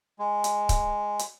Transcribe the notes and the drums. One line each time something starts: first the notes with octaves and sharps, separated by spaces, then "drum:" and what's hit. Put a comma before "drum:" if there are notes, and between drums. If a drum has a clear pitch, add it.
G#3
drum: hi-hat
drum: kick C#1, hi-hat
drum: hi-hat